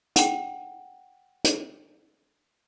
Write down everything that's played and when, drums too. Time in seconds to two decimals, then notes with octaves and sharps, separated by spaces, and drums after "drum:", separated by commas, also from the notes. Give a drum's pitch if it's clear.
0.16 F#5 G5, drum: hi-hat
1.44 drum: hi-hat